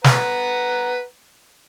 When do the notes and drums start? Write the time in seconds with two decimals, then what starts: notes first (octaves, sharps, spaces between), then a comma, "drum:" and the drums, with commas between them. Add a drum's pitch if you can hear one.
0.04 B4 F#5 A#5, drum: snare